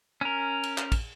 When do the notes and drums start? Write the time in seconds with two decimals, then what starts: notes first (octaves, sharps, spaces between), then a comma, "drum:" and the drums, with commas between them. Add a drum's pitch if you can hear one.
0.21 C#4 A#4
0.64 drum: cymbal
0.78 drum: clap
0.92 drum: kick, cymbal